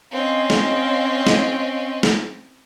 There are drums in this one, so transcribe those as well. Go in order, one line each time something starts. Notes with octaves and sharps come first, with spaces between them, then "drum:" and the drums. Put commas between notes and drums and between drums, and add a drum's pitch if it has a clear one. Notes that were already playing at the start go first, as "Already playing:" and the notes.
C4 C#4 C#5 D#5 F5
drum: snare
drum: snare
drum: snare